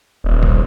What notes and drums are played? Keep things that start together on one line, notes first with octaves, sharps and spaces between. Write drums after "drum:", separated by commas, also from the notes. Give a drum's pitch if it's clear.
D#1
drum: kick